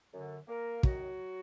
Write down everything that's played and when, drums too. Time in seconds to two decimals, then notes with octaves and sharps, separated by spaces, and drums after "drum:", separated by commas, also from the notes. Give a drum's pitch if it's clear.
0.13 F#2 D3
0.48 A#3 A#4
0.83 F#2 D#3 F#3 F#4, drum: kick